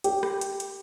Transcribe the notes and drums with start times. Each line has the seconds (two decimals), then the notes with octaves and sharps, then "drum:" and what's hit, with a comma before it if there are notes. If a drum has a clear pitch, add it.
0.04 G4, drum: hi-hat
0.23 drum: rim click
0.41 drum: hi-hat
0.60 drum: hi-hat